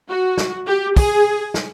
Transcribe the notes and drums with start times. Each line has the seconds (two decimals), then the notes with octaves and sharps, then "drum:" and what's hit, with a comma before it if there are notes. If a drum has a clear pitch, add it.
0.09 F#4
0.38 drum: snare
0.66 G4
0.96 G#4, drum: kick, open hi-hat
1.54 drum: snare